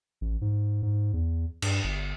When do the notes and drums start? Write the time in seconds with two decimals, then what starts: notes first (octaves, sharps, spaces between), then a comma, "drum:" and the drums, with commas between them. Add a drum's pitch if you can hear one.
0.21 A1
0.41 G#2
0.82 G#2
1.13 E2
1.62 G2, drum: cymbal
1.84 G1